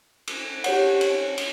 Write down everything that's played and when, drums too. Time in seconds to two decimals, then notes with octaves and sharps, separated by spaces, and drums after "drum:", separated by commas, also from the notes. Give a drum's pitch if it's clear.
0.27 drum: cymbal
0.64 G4 C#5 F#5, drum: cymbal
1.01 drum: cymbal
1.38 drum: cymbal